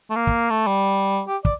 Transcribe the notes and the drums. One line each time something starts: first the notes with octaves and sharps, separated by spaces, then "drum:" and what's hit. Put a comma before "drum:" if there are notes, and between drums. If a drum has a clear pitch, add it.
A3
A#3
drum: kick
A3
G3
G4
D5, drum: kick